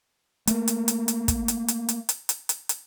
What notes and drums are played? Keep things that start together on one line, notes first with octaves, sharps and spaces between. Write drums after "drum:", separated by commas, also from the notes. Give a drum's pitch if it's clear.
A3 A#3, drum: hi-hat
drum: hi-hat
drum: hi-hat
drum: hi-hat
drum: kick, hi-hat
drum: hi-hat
drum: hi-hat
drum: hi-hat
drum: hi-hat
drum: hi-hat
drum: hi-hat
drum: hi-hat